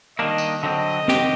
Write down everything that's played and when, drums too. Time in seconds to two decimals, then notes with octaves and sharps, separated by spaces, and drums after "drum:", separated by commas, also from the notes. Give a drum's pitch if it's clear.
0.18 D#3 G3 A#3 D4 D#5
0.38 drum: tambourine
0.63 D3 F#3 C4 D#5
1.08 D#3 F#3 C4 G4, drum: snare